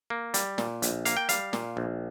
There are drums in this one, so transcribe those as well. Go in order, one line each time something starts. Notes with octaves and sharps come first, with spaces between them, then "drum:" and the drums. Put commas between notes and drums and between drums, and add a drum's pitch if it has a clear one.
A#3
G3, drum: hi-hat
A#2, drum: snare
A#1, drum: hi-hat
A#3 F5, drum: hi-hat
G5
G3 F5, drum: hi-hat
A#2, drum: snare
A#1